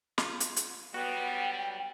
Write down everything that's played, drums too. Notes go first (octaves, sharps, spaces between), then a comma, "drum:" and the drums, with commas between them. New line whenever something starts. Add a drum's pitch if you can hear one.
F4, drum: snare
drum: hi-hat
drum: hi-hat
D3 F#3 G3 B3 F#4 G5